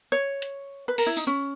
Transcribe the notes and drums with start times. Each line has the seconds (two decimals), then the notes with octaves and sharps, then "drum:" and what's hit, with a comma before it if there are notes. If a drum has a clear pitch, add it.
0.12 C#5
0.42 drum: hi-hat
0.88 B4
0.98 A#4, drum: open hi-hat
1.07 E4
1.17 D#4, drum: tambourine
1.27 C#4